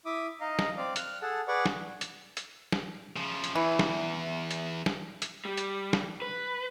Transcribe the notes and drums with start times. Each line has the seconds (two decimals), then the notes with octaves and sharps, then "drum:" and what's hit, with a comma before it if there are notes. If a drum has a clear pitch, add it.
0.06 E4 E5 D6 D#6
0.41 D#4 D#5 F5
0.59 drum: snare
0.77 C4 D5 F5
0.96 F6 F#6, drum: hi-hat
1.22 G#4 A4 F#5 A5
1.48 G#4 B4 D5 F#5 C#6
1.66 drum: snare
2.01 drum: hi-hat
2.37 drum: hi-hat
2.72 drum: snare
3.17 C#3 F3
3.44 drum: hi-hat
3.55 E2 E3
3.79 drum: snare
4.51 drum: hi-hat
4.86 drum: snare
5.22 drum: hi-hat
5.45 G3
5.57 drum: hi-hat
5.93 drum: snare
6.22 B4